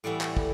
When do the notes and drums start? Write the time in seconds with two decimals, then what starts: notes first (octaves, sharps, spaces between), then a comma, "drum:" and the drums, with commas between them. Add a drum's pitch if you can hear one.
0.04 A2 E3 G3 B3 D5 E5
0.21 drum: clap
0.37 drum: kick